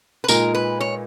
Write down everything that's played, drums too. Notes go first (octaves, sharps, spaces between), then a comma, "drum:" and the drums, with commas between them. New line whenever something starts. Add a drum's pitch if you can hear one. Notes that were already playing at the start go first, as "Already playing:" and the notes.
B4
A#2 G#3 D#4 A#4, drum: tambourine
B4
C#5